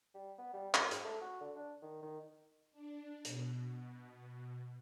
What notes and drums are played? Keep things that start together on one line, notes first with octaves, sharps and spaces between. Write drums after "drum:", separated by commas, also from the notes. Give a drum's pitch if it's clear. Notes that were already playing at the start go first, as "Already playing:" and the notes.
G3
B3
G3
F#2, drum: clap
G#2, drum: hi-hat
A3
F#4
D3
D4
D#3
D#3
D4
B2, drum: hi-hat